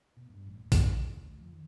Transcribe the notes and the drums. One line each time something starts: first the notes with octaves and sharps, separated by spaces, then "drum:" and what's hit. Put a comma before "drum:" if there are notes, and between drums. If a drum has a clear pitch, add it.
B2
G2
A1
D#1
F2, drum: kick, open hi-hat
F2
C#2
D2
F2
D#3